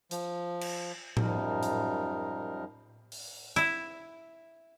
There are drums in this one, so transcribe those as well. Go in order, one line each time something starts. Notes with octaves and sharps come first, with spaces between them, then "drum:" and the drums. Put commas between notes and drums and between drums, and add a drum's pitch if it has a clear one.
F3, drum: hi-hat
drum: cymbal
F#2 F3 G3 D#4 A#4, drum: tom A2
drum: hi-hat
drum: open hi-hat
E4, drum: hi-hat